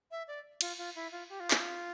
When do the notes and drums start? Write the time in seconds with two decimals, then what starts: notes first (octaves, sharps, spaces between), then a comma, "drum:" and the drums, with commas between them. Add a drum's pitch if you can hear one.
0.11 E5
0.28 D5
0.61 F4, drum: cymbal
0.78 F4
0.95 E4
1.11 F4
1.29 G4
1.40 F4
1.51 E4, drum: clap
1.60 F4